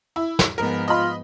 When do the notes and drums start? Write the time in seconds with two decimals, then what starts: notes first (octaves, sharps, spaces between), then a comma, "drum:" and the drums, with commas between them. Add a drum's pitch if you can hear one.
0.16 E4
0.39 drum: snare
0.58 G#2 F3 B3 A#4
0.88 F4 D#5 B5